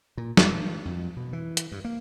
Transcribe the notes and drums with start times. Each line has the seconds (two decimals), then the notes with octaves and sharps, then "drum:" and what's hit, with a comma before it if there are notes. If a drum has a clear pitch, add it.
0.17 A#2
0.37 F2, drum: snare
0.52 E3
0.85 F2
1.17 B2
1.33 E3
1.57 drum: hi-hat
1.72 G2
1.85 A#3